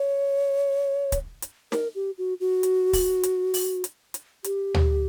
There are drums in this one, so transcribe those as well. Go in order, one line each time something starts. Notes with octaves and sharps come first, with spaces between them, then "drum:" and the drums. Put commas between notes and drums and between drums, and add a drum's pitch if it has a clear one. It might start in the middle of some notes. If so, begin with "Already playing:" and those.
Already playing: C#5
drum: kick, hi-hat
drum: hi-hat
A#4, drum: snare
G4
F#4
F#4
drum: hi-hat
drum: kick, open hi-hat
drum: hi-hat
drum: open hi-hat
drum: hi-hat
drum: hi-hat
G4, drum: hi-hat
drum: tom D2